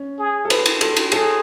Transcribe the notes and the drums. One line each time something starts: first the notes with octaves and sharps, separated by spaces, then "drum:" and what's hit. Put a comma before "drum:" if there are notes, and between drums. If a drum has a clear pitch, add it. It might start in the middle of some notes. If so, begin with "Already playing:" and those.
Already playing: C#4
G#4
A4
B4, drum: cymbal
drum: cymbal
A4, drum: cymbal
drum: cymbal
G#4 A4, drum: cymbal